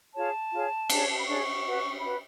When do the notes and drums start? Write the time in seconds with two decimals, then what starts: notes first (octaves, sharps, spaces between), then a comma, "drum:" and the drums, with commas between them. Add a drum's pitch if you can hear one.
0.15 F4 G#4 C#5 A5
0.52 F4 G#4 C#5
0.90 D4 G#4 C#5, drum: cymbal
1.09 A5
1.18 B5
1.26 D4 G#4 C#5 C#6
1.64 F#4 B4
2.00 F#4 B4 B5